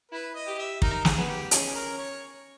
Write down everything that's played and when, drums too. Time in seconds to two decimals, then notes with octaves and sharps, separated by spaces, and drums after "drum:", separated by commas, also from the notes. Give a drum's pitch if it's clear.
0.11 E4 B4
0.35 D#5
0.47 G4
0.58 E5
0.82 D#4 A#4, drum: kick
1.05 G#4, drum: snare
1.17 B3
1.28 G4
1.51 C#4 G#4, drum: hi-hat
1.75 A#4
1.98 C#5